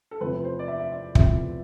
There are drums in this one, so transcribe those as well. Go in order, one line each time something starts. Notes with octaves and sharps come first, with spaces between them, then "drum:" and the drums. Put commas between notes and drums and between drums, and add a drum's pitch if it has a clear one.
A4
E2 C3 F3 A3 C4 B4
B4
C5
D5
E5
E5
D5
E2 C3 F3 A3 C4 E5, drum: kick